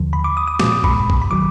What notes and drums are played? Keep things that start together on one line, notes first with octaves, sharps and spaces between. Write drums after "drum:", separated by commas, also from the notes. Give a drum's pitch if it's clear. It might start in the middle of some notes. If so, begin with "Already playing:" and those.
Already playing: D#2 D3 F3
B5
D6
D#6
D#6
A#2 F3 G#3 D6, drum: snare
D6
B5, drum: kick
drum: kick
B5
D#3 F#3 D6